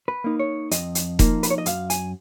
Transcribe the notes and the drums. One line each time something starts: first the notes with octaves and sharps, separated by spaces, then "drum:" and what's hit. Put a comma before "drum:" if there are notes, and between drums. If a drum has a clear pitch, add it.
B4
A#3 D#4
C#5
F2 D#5, drum: hi-hat
drum: hi-hat
F3 A#3 D#4, drum: kick E1, hi-hat
B4, drum: hi-hat
C#5
D#5
F#2 F5, drum: hi-hat
G#5, drum: hi-hat